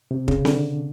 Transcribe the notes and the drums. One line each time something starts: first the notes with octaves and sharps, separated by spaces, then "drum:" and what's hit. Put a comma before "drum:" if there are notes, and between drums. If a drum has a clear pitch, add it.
C3
C#3, drum: kick
D3, drum: snare C4